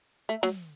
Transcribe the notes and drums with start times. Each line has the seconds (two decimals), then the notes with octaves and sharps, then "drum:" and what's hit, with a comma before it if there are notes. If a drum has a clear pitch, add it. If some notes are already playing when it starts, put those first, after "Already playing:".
0.29 A3
0.43 F#3, drum: snare